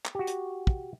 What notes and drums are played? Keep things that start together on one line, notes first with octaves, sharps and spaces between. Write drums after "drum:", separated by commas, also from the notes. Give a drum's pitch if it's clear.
drum: clap
F#4 G4
drum: hi-hat
drum: kick